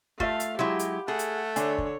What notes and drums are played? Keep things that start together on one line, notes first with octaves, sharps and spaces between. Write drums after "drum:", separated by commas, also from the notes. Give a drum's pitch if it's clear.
A3 F4 E5 F5, drum: kick
drum: hi-hat
F#3 G#3 E4 G4
drum: hi-hat
A3 G#4 F#5
drum: hi-hat
D3 D4 A4 C#5 G#5, drum: hi-hat
drum: kick